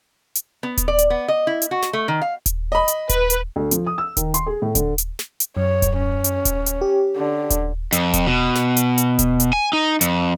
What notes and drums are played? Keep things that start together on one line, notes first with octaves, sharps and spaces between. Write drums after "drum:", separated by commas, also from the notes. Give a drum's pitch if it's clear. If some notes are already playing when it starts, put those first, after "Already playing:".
drum: hi-hat
B3
drum: kick D#1, hi-hat
D5
drum: hi-hat
B3
D#5
E4
drum: hi-hat
F#4
drum: snare
A3
D#3
F5
drum: kick D#1, hi-hat
D#5 B5
drum: hi-hat
B4, drum: kick D#1, hi-hat
drum: hi-hat
D2
F3, drum: hi-hat
D#6
E6
D#3, drum: kick D#1, hi-hat
C6, drum: hi-hat
G#4
A2
D3, drum: kick D#1, hi-hat
drum: hi-hat
drum: snare
drum: hi-hat
F#2 C#5
drum: kick D#1, hi-hat
C#4
drum: hi-hat
drum: kick D#1, hi-hat
drum: hi-hat
G4
D3
drum: kick D#1, hi-hat
F2, drum: hi-hat
drum: kick D#1, hi-hat
B2
drum: snare
drum: hi-hat
drum: hi-hat
drum: kick D#1, hi-hat
drum: hi-hat
G#5
D#4
F2, drum: hi-hat